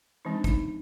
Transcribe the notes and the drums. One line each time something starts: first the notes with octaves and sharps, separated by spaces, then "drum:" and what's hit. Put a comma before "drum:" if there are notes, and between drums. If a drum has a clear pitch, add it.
E3 G#3 C4 D#4
D4
D#4, drum: kick, hi-hat